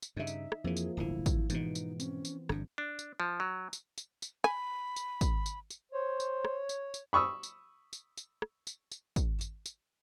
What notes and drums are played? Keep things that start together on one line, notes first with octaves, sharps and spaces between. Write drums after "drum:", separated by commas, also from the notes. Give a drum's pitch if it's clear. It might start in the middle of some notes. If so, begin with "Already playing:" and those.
drum: tambourine
G2 C#3 D#4 E5
drum: tambourine
drum: rim click
F2 E3 F3 A#3 G#4
drum: tambourine
D1 G1 D3 E4
drum: kick, tambourine
G#2 B2 E3 B3 D#4, drum: tambourine
drum: tambourine
C4 C#4, drum: tambourine
drum: tambourine
G1 G2 D4, drum: rim click
D4
drum: tambourine
F3
F#3
drum: tambourine
drum: tambourine
drum: tambourine
G#5 B5, drum: rim click
drum: tambourine
drum: kick, tambourine
drum: tambourine
drum: tambourine
C5 C#5
drum: tambourine
drum: rim click
drum: tambourine
drum: tambourine
B5 C#6 D#6 E6
drum: tambourine
drum: tambourine
drum: tambourine
drum: rim click
drum: tambourine
drum: tambourine
drum: kick, tambourine
drum: tambourine
drum: tambourine